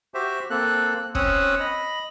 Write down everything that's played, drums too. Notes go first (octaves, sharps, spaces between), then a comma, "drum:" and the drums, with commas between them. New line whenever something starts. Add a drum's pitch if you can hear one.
F#4 G4 C5 E5
A#3 C4 A4 F#6
C4 C#4 C#5 D#6 E6 F#6, drum: kick
D#5 B5